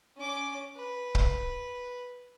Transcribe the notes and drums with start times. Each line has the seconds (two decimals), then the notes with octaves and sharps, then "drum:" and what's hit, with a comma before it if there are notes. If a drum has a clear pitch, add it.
0.17 C#4 D6
0.76 B4
1.15 drum: kick